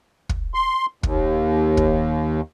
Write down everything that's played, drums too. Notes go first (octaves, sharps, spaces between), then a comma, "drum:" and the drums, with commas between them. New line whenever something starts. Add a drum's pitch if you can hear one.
drum: kick
C6
D#2, drum: kick
drum: kick